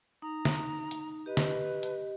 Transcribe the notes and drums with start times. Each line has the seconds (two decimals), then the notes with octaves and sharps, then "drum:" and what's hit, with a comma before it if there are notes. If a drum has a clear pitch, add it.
0.22 D#4 A#5
0.45 drum: snare
0.91 drum: hi-hat
1.26 G4 B4 D#5
1.37 drum: snare
1.83 drum: hi-hat